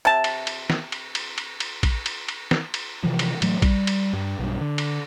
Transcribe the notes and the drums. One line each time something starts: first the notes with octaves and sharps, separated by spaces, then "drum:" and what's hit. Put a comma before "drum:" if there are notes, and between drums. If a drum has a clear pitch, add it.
C3 A5
drum: cymbal
drum: cymbal
drum: snare
drum: cymbal
drum: cymbal
drum: cymbal
drum: cymbal
drum: kick A#1, cymbal
drum: cymbal
drum: cymbal
drum: snare
drum: cymbal
C3 E3 F3
drum: cymbal
A2 E3 F#3 A3, drum: cymbal
G3, drum: kick A#1, cymbal
drum: cymbal
G2
B1 G2
D3
drum: cymbal